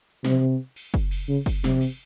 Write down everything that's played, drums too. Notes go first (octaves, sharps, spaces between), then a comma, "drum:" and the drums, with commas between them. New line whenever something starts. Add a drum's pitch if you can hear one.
C3, drum: snare
drum: cymbal
drum: kick
drum: cymbal
C#3
drum: kick, cymbal
C3, drum: snare
drum: cymbal